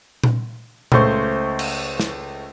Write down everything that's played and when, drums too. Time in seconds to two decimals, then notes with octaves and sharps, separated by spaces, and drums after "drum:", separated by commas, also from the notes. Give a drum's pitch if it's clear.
0.23 drum: tom A#2
0.92 C#2 A3 C5 C#6, drum: tom A#2
1.59 drum: cymbal
2.00 drum: snare